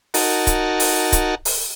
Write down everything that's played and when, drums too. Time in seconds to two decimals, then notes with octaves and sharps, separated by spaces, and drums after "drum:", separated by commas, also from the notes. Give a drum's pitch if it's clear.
0.14 D#4 F#4 A#4 A5, drum: open hi-hat
0.47 drum: kick C#1, hi-hat
0.80 drum: open hi-hat
1.12 drum: kick C#1, hi-hat
1.45 drum: open hi-hat